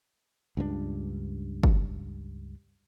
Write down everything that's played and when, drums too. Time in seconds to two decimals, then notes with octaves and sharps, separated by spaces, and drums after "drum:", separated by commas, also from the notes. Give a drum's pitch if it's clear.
0.57 C#2 G2 F3 D4
1.63 drum: kick